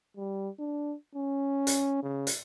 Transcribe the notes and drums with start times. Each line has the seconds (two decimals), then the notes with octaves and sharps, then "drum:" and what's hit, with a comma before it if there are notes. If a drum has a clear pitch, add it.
0.17 G3
0.59 D4
1.15 C#4
1.67 drum: hi-hat
2.03 C#3
2.27 drum: hi-hat